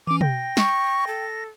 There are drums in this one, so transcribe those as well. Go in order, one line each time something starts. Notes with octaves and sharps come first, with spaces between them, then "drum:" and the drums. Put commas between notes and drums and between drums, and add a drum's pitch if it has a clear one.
E3 C#4 D6
G5 A#6, drum: tom
C#6, drum: snare
A4